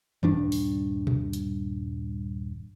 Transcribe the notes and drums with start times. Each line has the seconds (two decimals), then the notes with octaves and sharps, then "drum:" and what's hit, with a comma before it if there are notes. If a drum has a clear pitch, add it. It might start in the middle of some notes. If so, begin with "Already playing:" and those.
0.23 D#1 G2 D4, drum: tom D#3
0.52 drum: open hi-hat
1.07 drum: tom A#2
1.33 drum: hi-hat